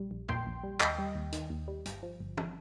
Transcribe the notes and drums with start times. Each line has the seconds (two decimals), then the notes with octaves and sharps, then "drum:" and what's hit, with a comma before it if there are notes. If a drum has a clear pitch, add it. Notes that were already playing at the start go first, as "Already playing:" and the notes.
Already playing: A#1 G3
0.11 A#1
0.28 A#2 G5 C6, drum: tom E2
0.46 A#1
0.63 G3
0.80 D#2 D#5 G5, drum: clap
0.98 G3
1.15 D#2
1.32 D#3, drum: hi-hat
1.50 D#2
1.68 G3
1.86 G1, drum: hi-hat
2.03 F3
2.20 G1
2.37 drum: tom